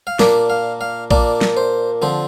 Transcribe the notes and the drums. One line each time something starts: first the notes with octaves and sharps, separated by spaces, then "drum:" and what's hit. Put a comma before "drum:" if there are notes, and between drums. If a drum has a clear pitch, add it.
F5
A#2 A#3 D4 D5, drum: snare
F5
F5
A#2 A#3 D4 D5, drum: kick A#1
drum: snare
C5
D3 F3 C4 C5